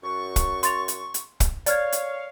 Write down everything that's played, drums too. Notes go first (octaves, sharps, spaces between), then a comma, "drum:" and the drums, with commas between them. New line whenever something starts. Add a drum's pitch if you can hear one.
F#2 C#6
drum: kick, hi-hat
C6 A6 F7, drum: hi-hat
drum: hi-hat
drum: hi-hat
drum: kick, hi-hat
C#5 D5 F5 F6 G#6, drum: hi-hat
drum: hi-hat